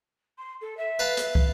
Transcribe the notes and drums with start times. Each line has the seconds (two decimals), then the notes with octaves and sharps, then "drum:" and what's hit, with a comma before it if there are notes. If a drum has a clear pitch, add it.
0.38 C6
0.61 A4
0.77 E5
0.99 B4 F5 A5
1.17 drum: hi-hat
1.35 drum: kick